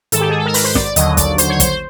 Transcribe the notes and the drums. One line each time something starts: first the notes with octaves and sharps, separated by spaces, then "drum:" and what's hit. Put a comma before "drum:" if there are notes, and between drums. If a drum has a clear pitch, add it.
G#2 D#3 G#3 A4, drum: hi-hat
G4
G#4
A4
A#4
B4, drum: open hi-hat
C5
D5, drum: snare
D5
D#2 D3 F#3 D#5, drum: hi-hat
D5, drum: kick, hi-hat
C5, drum: hi-hat
C#5
C5, drum: kick, hi-hat